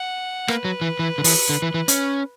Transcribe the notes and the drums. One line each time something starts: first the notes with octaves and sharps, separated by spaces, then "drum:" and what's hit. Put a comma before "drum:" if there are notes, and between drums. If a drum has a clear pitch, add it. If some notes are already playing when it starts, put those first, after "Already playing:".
Already playing: F#5
A#3 B4, drum: rim click
F#3
E3
E3
D3
E3, drum: open hi-hat
D3
E3
E3
C#4, drum: hi-hat